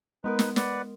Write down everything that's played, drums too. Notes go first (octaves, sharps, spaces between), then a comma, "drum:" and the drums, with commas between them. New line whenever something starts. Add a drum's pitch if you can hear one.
G#3 B3 D#4 A#4 B4
drum: snare
B4 D5 F#5, drum: snare